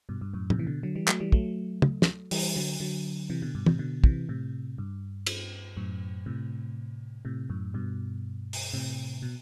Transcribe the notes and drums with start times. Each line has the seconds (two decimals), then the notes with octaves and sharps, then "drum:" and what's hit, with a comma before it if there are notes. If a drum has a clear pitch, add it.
0.09 G2 B2
0.21 G2
0.34 F#2 A2
0.50 A2 C3, drum: tom
0.59 E3
0.67 B2 D3
0.83 D3 F#3
0.95 E3 G3
1.08 F#3 A3, drum: clap
1.20 E3 G3
1.32 F#3 A3, drum: kick
1.82 drum: tom
2.02 drum: snare
2.31 E3 G3, drum: open hi-hat
2.56 D3 F#3
2.80 D3 F#3
3.30 C3 E3
3.42 B2 D3
3.55 G2 B2
3.66 A2 C3, drum: tom
3.79 B2 D3
4.04 C3 E3, drum: kick
4.29 A2 C3
4.78 G2
5.27 drum: cymbal
5.77 F#2 A2
6.26 A2 C3
7.25 A2 C3
7.50 F#2 A2
7.74 G2 B2
8.53 drum: open hi-hat
8.74 A2 C3
9.22 B2